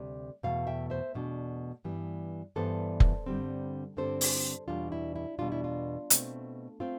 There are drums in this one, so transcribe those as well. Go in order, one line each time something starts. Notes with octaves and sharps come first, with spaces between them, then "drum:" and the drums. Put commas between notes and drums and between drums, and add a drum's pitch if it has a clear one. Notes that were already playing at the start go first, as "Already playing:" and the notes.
Already playing: D2 C3 G3
E2 B2 A3 F5
E5 G5
C5 E5
E2 B2 A3 D4
G2 E3 G3 B3
G2 E3 G3 B3 A4 C5
drum: kick F1
G2 D3 G3 C4
G2 D3 G3 C4 A4 C5
drum: open hi-hat
E2 B2 G3 D4 F4
E4
E4
E2 B2 G3 D4 F4
E4
F4
B2 A3 C4, drum: hi-hat
A3 C4 F4